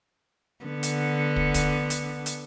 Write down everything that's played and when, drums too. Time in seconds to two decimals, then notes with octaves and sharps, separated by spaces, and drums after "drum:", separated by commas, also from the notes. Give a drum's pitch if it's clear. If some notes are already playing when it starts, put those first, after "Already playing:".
0.65 D3 B3
0.83 drum: hi-hat
1.36 drum: kick
1.54 drum: kick, hi-hat
1.90 drum: hi-hat
2.26 drum: hi-hat